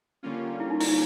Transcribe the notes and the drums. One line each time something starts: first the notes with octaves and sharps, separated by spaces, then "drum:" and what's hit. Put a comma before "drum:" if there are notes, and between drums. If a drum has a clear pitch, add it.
D3 G3 A#3 C#4 F4
E4
D#4
E4, drum: open hi-hat
D#4